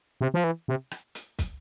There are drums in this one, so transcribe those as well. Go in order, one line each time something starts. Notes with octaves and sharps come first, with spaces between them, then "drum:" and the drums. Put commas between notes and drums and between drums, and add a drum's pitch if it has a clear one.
C3
F3
E3
C3
drum: rim click
drum: hi-hat
drum: kick, hi-hat